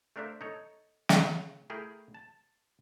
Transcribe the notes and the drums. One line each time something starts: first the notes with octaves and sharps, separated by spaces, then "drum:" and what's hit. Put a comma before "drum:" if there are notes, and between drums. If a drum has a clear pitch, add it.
A3 D4 A#4 C5 E5 F5
D#4 A4 C#5
drum: snare
C#3
A3 E4 G#4 A#4 G5
A5